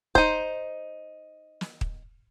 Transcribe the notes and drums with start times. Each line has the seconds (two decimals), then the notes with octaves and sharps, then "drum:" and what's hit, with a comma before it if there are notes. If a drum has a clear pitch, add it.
0.15 D#4 C5, drum: kick
1.61 drum: snare
1.81 drum: kick